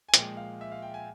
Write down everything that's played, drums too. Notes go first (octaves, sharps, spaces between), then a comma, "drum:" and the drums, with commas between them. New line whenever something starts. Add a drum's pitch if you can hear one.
G#5
A#2 F3 G#3 G5, drum: hi-hat
F5
E5
F5
G5
G#5